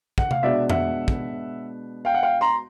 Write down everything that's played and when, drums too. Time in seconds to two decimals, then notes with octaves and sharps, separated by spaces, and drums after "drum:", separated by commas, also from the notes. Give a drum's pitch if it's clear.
0.18 F#5, drum: kick
0.31 F5, drum: tom C3
0.43 B2 G#3 B3 D4 D5 E5
0.70 E5 F#5, drum: tom F2
1.08 drum: kick
2.05 F5 G5
2.14 F#5
2.23 F5 G5
2.41 A#5 C6